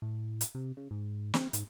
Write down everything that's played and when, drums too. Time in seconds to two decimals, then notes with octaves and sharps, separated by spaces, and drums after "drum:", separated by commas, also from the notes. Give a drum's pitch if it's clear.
0.02 A2
0.41 drum: hi-hat
0.55 C3
0.77 C#3
0.91 G#2
1.34 C4, drum: snare
1.53 G#2, drum: hi-hat